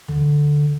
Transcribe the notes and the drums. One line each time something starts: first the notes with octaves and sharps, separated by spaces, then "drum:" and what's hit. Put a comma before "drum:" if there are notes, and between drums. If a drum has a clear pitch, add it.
D3, drum: tom D2